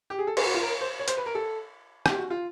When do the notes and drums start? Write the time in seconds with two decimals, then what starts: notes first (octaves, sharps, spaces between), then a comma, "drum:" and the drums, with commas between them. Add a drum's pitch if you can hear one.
0.10 G4
0.19 G#4
0.27 A4
0.37 G#4, drum: cymbal
0.46 F#4
0.54 F4
0.63 A#4
0.81 C5
0.99 C#5
1.08 C5, drum: hi-hat
1.17 B4
1.26 A#4
1.35 A4
2.06 G4, drum: rim click
2.18 F#4
2.30 F4